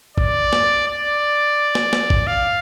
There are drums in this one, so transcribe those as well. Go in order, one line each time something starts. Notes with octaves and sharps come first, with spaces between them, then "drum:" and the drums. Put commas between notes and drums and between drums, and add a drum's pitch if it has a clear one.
D5, drum: kick
drum: snare
D5
drum: snare
drum: snare
drum: kick
F5